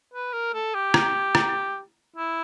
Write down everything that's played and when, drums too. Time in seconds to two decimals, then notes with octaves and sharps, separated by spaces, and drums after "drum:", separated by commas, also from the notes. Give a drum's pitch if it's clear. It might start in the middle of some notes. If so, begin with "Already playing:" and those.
0.13 B4
0.33 A#4
0.54 A4
0.74 G4
0.94 drum: rim click
1.35 drum: rim click
2.16 E4